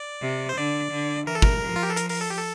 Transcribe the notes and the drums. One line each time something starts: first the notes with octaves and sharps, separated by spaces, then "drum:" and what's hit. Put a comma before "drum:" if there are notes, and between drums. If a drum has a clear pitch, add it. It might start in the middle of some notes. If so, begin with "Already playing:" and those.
Already playing: D5
C3
C5
D3 D5
D3
E3 A#4
A4
A#4, drum: kick
F3
F4
G4
A4
A#4, drum: hi-hat
A#4, drum: open hi-hat
A4
G4
A4